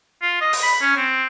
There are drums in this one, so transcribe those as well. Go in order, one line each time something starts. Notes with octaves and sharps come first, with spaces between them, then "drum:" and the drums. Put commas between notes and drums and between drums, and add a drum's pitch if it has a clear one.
F4
D#5
drum: open hi-hat
B5
C#4
C4